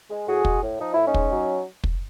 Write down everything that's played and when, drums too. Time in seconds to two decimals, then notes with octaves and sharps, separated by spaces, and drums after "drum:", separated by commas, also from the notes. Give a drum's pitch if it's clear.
0.10 G#3
0.28 A2 F#4 G#4
0.45 G#3, drum: kick
0.63 A2
0.80 F3 D#4
0.93 A2 E4
1.06 C#4 D#4
1.14 G#3, drum: kick
1.32 F#3
1.84 drum: kick